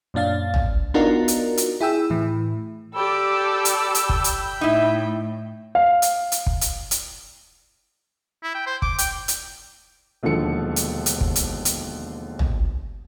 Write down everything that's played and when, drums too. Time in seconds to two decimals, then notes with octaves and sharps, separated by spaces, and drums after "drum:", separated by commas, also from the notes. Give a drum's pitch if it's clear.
0.14 F#2 A#2 D4 F5 A6
0.54 drum: tom
0.94 B3 D4 D#4 F4 F#4 A#4
1.28 drum: hi-hat
1.57 drum: hi-hat
1.81 E4 G#4 G5 E6
2.10 A2 E3
2.95 G4 A4 D5 G5 B5 E6
3.65 drum: hi-hat
3.95 drum: hi-hat
4.09 drum: kick
4.24 drum: hi-hat
4.61 A2 D#4 E4
5.75 F5
6.02 drum: hi-hat
6.32 drum: hi-hat
6.47 drum: kick
6.61 drum: hi-hat
6.91 drum: hi-hat
8.43 E4
8.55 G5
8.67 C5
8.82 D6, drum: kick
8.98 G5, drum: hi-hat
9.28 drum: hi-hat
10.23 E1 D#2 D3 F3 A4 C#7
10.76 drum: hi-hat
11.06 drum: hi-hat
11.21 drum: kick
11.36 drum: hi-hat
11.65 drum: hi-hat
12.39 drum: tom